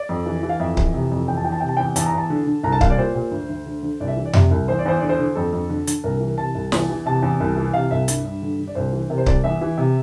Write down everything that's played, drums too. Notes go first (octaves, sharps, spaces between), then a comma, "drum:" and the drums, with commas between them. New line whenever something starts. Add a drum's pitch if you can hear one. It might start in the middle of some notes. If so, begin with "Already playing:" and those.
Already playing: D5
F2
E3
E3
F5
F2 E5
E3, drum: kick C#1
C3
F2
E2 G5
A5
E3 G5
A5
C3 G5
A5
E2 G5
E2 A5, drum: hi-hat
A#5
E2 A5
D3
D3
C2 A#5
A5
C2 F5, drum: kick C#1
D5
A#2 C5
A#2
D2
D2
D3
D3
C2 D5
E5
E3
D5
C3 E5, drum: tom F2
C2
E2 C5
D5
E2 C5
D3 D5
C5
D3
F2 A4
F2
D3
D3, drum: hi-hat
C2 A#4
E3
C3 A5
C2
E2, drum: snare
E3
C3 A5
E2
C2
E3
C3 F5
C2 E5
G2, drum: hi-hat
G2
D3
D3
D5
C2 C5
E3
C3 A#4
C5
C2 D5, drum: kick C#1
E2 E5
E3
C3